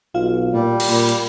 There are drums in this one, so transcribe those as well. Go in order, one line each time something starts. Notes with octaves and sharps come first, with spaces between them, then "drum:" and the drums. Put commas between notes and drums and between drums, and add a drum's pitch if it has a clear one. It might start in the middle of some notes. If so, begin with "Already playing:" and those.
B1 F4 F5
A#2 G3
drum: cymbal
A#2 B5
drum: hi-hat